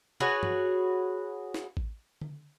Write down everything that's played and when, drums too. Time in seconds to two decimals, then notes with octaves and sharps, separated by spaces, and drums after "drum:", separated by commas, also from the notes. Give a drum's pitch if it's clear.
0.20 F#4 G#4 B4 C#5
0.43 drum: tom
1.54 drum: snare
1.77 drum: kick A1
2.21 drum: tom D3